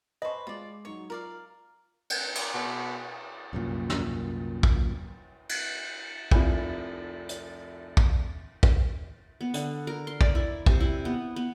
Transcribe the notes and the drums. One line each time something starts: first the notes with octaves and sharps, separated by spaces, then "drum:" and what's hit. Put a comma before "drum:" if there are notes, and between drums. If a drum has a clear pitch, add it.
B4 C5 D#5 G#5 A5 C#6
G#3 F4 D5
F#3 D#4 C#5 C#7
F4 A#4 D5 F5
drum: cymbal
drum: cymbal
B2
C2 F#2 A#2
drum: snare
drum: kick
drum: cymbal
F1 C2 E4 F4 G#5 B5, drum: kick
drum: hi-hat
drum: kick
drum: kick
B3
D3, drum: hi-hat
A#4
C6
D5, drum: kick
E4
C3, drum: kick
E4
B3
B3